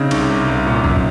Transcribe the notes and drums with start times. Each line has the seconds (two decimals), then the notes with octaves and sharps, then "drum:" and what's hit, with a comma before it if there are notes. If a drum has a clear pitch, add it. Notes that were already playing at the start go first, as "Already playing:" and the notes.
Already playing: C#3 C4 D#4
0.11 C2, drum: cymbal
0.30 C2
0.48 C2
0.66 A#2
0.84 F#2, drum: kick B1